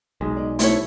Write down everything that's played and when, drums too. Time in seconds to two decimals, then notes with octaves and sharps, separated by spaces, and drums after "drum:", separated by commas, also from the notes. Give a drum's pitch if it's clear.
0.21 B1 G#3
0.37 D5 D#5
0.59 A3 C4 E4 G4 C#5, drum: hi-hat